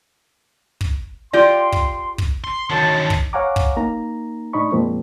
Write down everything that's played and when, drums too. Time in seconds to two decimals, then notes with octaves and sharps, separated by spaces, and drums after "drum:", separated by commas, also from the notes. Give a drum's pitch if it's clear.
0.81 drum: kick
1.33 F4 G4 D5 G5 C6
1.72 drum: kick
2.18 drum: kick
2.44 C6
2.70 F#2 D3 D#3 A5
3.10 drum: kick
3.33 C#5 F5 F#5 G#5 A#5 D6
3.56 drum: kick
3.77 A#3 D#4 A#5
4.53 A2 D4 D#4 D#5 B5 C#6
4.72 F2 A#2 F3 G#3 A#3 C4